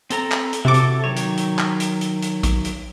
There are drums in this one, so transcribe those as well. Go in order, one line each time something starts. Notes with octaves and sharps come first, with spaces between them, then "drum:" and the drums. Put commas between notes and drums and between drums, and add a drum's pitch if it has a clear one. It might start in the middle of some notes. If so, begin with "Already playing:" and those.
C4 A4 A#5, drum: hi-hat
drum: clap
drum: hi-hat
C3 E4 F#4 A4 D6
drum: hi-hat
D#3 F#3 C#5
drum: hi-hat
drum: hi-hat
drum: clap
drum: hi-hat
drum: hi-hat
drum: hi-hat
drum: kick A#1, hi-hat
drum: hi-hat